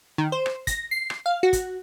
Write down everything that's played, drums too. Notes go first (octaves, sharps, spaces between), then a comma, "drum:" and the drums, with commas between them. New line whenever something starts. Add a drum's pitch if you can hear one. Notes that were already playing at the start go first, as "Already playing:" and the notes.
D#3
C5
drum: rim click
A#6, drum: kick, hi-hat
C7
drum: rim click
F5
F#4
drum: kick, hi-hat